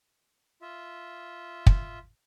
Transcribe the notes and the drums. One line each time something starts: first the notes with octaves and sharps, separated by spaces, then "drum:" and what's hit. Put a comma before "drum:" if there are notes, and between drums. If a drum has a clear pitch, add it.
F4 E5
drum: kick